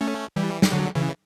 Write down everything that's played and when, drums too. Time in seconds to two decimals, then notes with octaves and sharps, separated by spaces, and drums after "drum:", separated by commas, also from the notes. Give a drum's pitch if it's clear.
0.01 A3 C#4
0.36 E3 G3
0.62 G3, drum: snare
0.72 D3 F#3
0.95 C#3 E3